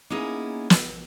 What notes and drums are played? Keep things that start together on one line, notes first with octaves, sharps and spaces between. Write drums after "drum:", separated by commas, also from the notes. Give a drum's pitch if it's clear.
A#3 B3 C#4 D#4 E4 G#4
drum: snare